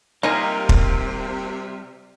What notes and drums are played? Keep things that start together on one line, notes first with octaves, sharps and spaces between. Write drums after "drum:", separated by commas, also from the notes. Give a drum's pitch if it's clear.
C3 G3 A#3 D#4 F4 G4 G#4 D#5
drum: kick